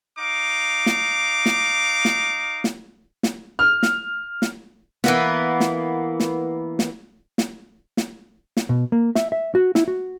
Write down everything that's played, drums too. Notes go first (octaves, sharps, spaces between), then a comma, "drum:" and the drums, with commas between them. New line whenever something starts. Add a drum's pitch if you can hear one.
D#4 F5 D6
drum: snare
drum: snare
drum: snare
drum: snare
drum: snare
F6
drum: snare
drum: snare
E3 A#3 B3, drum: snare
drum: snare
drum: snare
drum: snare
drum: snare
drum: snare
drum: snare
B2
A#3
E5, drum: snare
E5
F#4
E4, drum: snare
F#4